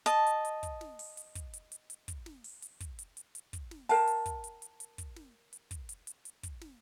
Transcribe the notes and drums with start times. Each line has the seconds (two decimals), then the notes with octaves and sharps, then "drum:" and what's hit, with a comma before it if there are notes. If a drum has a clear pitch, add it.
0.06 D#5 A5, drum: hi-hat
0.26 drum: hi-hat
0.45 drum: hi-hat
0.63 drum: kick, hi-hat
0.81 drum: snare
0.99 drum: open hi-hat
1.17 drum: hi-hat
1.35 drum: kick, hi-hat
1.53 drum: hi-hat
1.72 drum: hi-hat
1.90 drum: hi-hat
2.08 drum: kick, hi-hat
2.26 drum: snare
2.44 drum: open hi-hat
2.62 drum: hi-hat
2.80 drum: kick, hi-hat
2.99 drum: hi-hat
3.17 drum: hi-hat
3.35 drum: hi-hat
3.53 drum: kick, hi-hat
3.71 drum: snare
3.89 A#4 F5 G5 A5, drum: open hi-hat
4.07 drum: hi-hat
4.26 drum: kick, hi-hat
4.44 drum: hi-hat
4.62 drum: hi-hat
4.80 drum: hi-hat
4.98 drum: kick, hi-hat
5.16 drum: snare
5.53 drum: hi-hat
5.71 drum: kick, hi-hat
5.89 drum: hi-hat
6.07 drum: hi-hat
6.25 drum: hi-hat
6.43 drum: kick, hi-hat
6.61 drum: snare